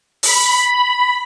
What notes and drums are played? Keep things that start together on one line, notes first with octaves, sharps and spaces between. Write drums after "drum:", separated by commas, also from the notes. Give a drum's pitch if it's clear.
B5, drum: open hi-hat